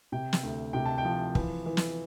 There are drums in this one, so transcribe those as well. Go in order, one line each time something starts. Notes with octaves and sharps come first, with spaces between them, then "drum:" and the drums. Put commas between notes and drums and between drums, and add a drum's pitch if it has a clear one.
C3 G5
drum: snare
D2
C3 G5
A5
G5
F3
E3, drum: kick
E3
drum: snare